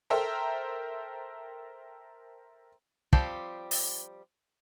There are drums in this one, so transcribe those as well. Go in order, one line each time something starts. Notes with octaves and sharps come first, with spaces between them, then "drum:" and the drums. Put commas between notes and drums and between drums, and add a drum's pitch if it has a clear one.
A4 A#4 C5 E5 G5 A#5
F3 G3 C4 G4, drum: kick
drum: open hi-hat